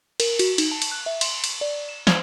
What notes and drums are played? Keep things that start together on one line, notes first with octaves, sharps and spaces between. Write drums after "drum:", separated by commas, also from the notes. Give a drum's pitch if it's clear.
A#4, drum: cymbal
F#4, drum: cymbal
D#4, drum: cymbal
A5
drum: cymbal
F#6
E5
C6, drum: cymbal
drum: cymbal
D5
E7
G#6, drum: snare